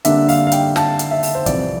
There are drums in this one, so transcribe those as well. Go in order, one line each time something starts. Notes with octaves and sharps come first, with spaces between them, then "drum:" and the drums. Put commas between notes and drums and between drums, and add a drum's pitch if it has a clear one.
D3 G3 A#3 D4 E5, drum: hi-hat
F5, drum: open hi-hat
F5
G5, drum: hi-hat
A5, drum: snare
drum: hi-hat
E5
drum: open hi-hat
C5
F2 C3 E3 G3 D5, drum: kick, hi-hat